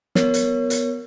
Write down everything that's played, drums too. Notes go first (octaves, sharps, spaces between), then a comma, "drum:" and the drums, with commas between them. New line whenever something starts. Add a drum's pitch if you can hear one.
B3 A#4 C#5, drum: snare
drum: hi-hat
drum: hi-hat